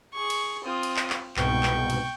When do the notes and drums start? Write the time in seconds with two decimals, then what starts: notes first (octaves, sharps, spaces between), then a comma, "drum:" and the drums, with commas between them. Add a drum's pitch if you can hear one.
0.14 G#4 C#6
0.30 drum: cymbal
0.64 C4 F4 D#6
0.83 drum: cymbal
0.97 drum: clap
1.10 drum: clap
1.36 C2 G#2 B2 G5 C#6, drum: clap
1.63 drum: clap
1.90 drum: cymbal